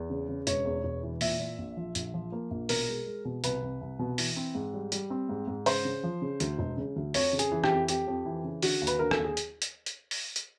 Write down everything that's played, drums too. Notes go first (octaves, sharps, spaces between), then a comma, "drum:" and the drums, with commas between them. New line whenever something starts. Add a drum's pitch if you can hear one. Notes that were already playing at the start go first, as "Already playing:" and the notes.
Already playing: E2
C#3
C#3
E1 C#5, drum: hi-hat
E2
E1
E3
A#2 E5, drum: open hi-hat
A#2
A#1
F3
A#1, drum: hi-hat
F3
A#3
A#1
B2 A#4, drum: open hi-hat
G#3
G#3
B2
C2 B4, drum: hi-hat
C2
C2
B2
E3, drum: open hi-hat
C4
G#2
G3
G3, drum: hi-hat
C4
G#2
G#2
C#3 C5, drum: open hi-hat
C#3
F3
C#3
D2, drum: hi-hat
E1
C#3
D2
F2 C#5, drum: open hi-hat
C#3
G#4, drum: hi-hat
E3
G4, drum: rim click
F2
F2 G4, drum: hi-hat
F2
E3
C#3
D3 F#4, drum: open hi-hat
D#2
B4, drum: hi-hat
D3 A#4
A4, drum: rim click
D#2
G#4
drum: hi-hat
drum: hi-hat
drum: hi-hat
drum: open hi-hat
drum: hi-hat